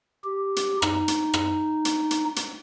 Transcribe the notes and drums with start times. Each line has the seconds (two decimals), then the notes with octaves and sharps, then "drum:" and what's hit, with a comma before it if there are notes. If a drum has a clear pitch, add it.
0.24 G4
0.56 drum: hi-hat
0.82 D#4, drum: rim click
1.08 drum: hi-hat
1.34 drum: rim click
1.85 drum: hi-hat
2.11 drum: hi-hat
2.36 drum: hi-hat